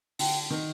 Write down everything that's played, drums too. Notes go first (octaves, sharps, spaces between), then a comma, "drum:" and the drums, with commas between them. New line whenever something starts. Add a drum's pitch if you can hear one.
D3 G5, drum: open hi-hat
D#3